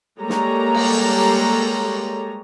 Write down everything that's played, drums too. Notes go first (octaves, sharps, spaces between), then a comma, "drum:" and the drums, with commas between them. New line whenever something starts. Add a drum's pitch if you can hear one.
G3 G#3 A#3 A4 C#5 A#5
drum: snare
drum: cymbal